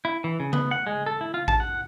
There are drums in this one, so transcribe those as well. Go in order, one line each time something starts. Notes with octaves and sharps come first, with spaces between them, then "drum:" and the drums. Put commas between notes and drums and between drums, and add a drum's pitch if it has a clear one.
E4
E3
C#3
B3, drum: tom C#3
F#5
G#3
A4
E4
F4
A5, drum: kick A1
F#5